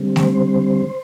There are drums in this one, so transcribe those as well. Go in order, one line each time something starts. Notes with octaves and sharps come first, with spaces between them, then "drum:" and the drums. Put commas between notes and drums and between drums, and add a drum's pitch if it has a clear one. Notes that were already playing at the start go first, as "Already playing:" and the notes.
Already playing: D3 G3 C4
C5, drum: snare A3